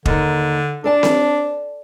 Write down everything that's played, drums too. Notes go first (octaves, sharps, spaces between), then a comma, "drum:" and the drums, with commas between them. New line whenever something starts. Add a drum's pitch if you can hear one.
D#2 D3 A#4, drum: kick
D4 A4 D5 A5
drum: snare C4